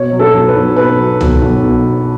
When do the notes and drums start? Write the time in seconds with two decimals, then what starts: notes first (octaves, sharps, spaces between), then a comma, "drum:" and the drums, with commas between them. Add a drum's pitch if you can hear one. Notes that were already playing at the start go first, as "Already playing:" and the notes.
Already playing: B2 C#5
0.12 F#3
0.19 A4
0.34 B1
0.47 B4
0.55 B1
0.76 B2 B4
0.99 F#3
1.21 B1, drum: tom C2
1.42 B1
1.64 B2
1.85 F#3